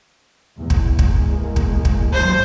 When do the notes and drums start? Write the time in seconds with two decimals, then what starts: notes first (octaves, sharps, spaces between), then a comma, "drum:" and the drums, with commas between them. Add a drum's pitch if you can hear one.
0.59 E2 G#2
0.70 drum: kick
0.99 E2 G#3 A#3, drum: kick
1.56 drum: kick
1.85 drum: kick
2.13 G2 E3 F#3 C5